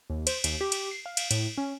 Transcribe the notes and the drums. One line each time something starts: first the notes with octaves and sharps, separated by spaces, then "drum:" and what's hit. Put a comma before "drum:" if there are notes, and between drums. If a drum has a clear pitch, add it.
D#2
C5, drum: cymbal
D#2, drum: cymbal
G4
drum: cymbal
C7
F5
drum: cymbal
A2, drum: cymbal
C#4